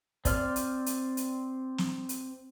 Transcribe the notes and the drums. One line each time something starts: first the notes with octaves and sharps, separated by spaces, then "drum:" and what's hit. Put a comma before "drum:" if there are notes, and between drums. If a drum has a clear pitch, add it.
C4 D5 F6, drum: kick, hi-hat
drum: hi-hat
drum: hi-hat
drum: hi-hat
drum: snare
drum: hi-hat